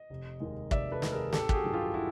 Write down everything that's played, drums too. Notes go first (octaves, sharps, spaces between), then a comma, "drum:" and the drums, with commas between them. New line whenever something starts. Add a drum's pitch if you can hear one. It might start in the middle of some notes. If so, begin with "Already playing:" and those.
Already playing: D#5
F1
D#2 D#3 G#3
F1 D5 E5, drum: kick
A4 B4
D#2 D#3 G#3, drum: snare
G#4 A#4
A1 G4 A4, drum: snare
G4, drum: kick
F#4 G#4
G2 D#3 F#3
F4 G4
E4 F#4